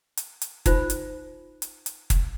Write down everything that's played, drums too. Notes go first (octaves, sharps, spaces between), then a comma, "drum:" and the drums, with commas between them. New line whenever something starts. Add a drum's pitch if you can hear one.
drum: hi-hat
drum: hi-hat
D#4 F4 C5 B5, drum: kick, hi-hat
drum: hi-hat
drum: hi-hat
drum: hi-hat
drum: kick, hi-hat